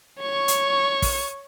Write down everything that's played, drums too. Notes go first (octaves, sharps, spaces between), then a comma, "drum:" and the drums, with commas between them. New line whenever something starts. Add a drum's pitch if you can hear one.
C#5 C#6
drum: hi-hat
drum: kick, open hi-hat